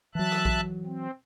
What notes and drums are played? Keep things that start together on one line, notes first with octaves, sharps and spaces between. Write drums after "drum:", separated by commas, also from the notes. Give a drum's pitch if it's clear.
E3 F#3 E5 A5 F#6
drum: rim click
drum: kick A#1
C4